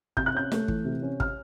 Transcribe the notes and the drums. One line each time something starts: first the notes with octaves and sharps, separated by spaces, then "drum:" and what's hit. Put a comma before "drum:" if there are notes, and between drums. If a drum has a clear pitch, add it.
C3 G6, drum: kick
F#6
C#4 G6
A3, drum: snare
E3, drum: kick
C3
C#4
F6, drum: kick